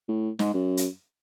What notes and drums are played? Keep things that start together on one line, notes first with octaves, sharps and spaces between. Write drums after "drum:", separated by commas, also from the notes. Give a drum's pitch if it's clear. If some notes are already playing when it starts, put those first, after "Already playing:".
A2
G#2, drum: snare
F#2
drum: hi-hat